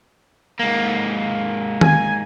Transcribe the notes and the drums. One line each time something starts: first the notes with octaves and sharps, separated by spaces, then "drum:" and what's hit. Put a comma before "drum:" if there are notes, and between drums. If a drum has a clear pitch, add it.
G#2 A#3
G#5, drum: tom D#3